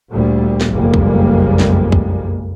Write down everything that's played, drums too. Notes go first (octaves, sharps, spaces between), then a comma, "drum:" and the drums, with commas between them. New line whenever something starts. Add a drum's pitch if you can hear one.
D2 A#2 G3
drum: snare
F#1 B1 F2 G3 G#3 A#3
drum: kick
drum: snare
drum: kick